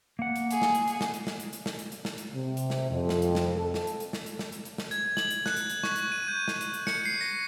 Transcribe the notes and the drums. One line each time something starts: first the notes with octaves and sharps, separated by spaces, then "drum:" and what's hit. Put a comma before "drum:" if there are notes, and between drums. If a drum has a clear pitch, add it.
A#3 F#5
drum: hi-hat
G#4, drum: hi-hat
drum: snare
drum: hi-hat
drum: hi-hat
drum: snare
drum: hi-hat
drum: snare
drum: hi-hat
drum: hi-hat
drum: snare
drum: hi-hat
drum: hi-hat
drum: snare
drum: hi-hat
C3
drum: hi-hat
drum: snare
F2
drum: snare
drum: hi-hat
drum: snare
A4
drum: snare
drum: hi-hat
drum: hi-hat
drum: snare
drum: hi-hat
drum: snare
drum: hi-hat
drum: hi-hat
drum: snare
G#6, drum: hi-hat
F#7, drum: snare
drum: hi-hat
F#6, drum: snare
drum: hi-hat
drum: hi-hat
C#6, drum: snare
drum: hi-hat
D#7
G6
drum: snare
drum: hi-hat
drum: hi-hat
C#7, drum: snare
C7
A#6